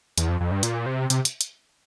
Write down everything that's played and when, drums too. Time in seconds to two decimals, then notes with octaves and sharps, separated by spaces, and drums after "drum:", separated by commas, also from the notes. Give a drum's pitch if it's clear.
0.18 E2, drum: hi-hat
0.29 F2
0.41 F2
0.51 G2
0.63 A#2, drum: hi-hat
0.86 C3
1.10 C3, drum: hi-hat
1.25 drum: hi-hat
1.41 drum: hi-hat